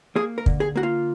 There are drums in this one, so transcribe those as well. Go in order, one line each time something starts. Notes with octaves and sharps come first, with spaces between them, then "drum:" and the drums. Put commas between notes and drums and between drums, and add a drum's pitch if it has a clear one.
A#3 G#4
A#4
D3, drum: kick
G#4
A#3 F#4
F4